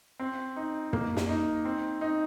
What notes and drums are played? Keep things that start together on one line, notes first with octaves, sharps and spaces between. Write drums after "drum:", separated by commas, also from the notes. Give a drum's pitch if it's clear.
C4
D#4
A#3, drum: tom
drum: snare
D#4
C4
D#4